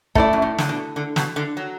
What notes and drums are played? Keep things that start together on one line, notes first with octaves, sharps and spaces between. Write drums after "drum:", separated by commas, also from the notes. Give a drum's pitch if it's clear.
F#2 A3 E4 D5, drum: kick
F#2
A2
D3, drum: snare
B2
D3
B2, drum: snare
D3
F#3